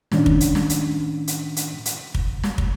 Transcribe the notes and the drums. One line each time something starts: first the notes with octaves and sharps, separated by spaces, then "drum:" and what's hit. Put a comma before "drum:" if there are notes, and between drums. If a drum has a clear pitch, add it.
A2 D#3 C#4 D4, drum: snare
drum: kick
drum: hi-hat
drum: snare
drum: hi-hat
drum: hi-hat
drum: hi-hat
drum: hi-hat
drum: kick
drum: snare
drum: kick